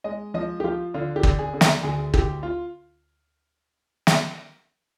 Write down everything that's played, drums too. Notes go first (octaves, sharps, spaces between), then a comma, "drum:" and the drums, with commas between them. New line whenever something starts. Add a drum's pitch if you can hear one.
G#3 D#5
F3 D#5
G4
F3 F4
D3 F4
G4
D3, drum: kick
G#4
D3
A#4, drum: snare
D2 G#4
D2 G4, drum: kick
F4
drum: snare